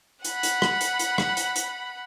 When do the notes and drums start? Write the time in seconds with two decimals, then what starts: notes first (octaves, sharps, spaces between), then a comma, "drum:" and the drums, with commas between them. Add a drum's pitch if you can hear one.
0.25 F#5 B5, drum: hi-hat
0.43 drum: hi-hat
0.62 drum: rim click
0.81 drum: hi-hat
0.99 drum: hi-hat
1.18 drum: rim click
1.37 drum: hi-hat
1.56 drum: hi-hat